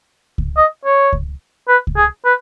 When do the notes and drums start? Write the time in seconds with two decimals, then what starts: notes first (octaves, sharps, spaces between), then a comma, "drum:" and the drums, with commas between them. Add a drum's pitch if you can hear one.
0.38 drum: kick C#2
0.57 D#5
0.85 C#5
1.13 drum: kick C#2
1.68 B4
1.87 drum: kick C#2
1.96 G#4
2.25 B4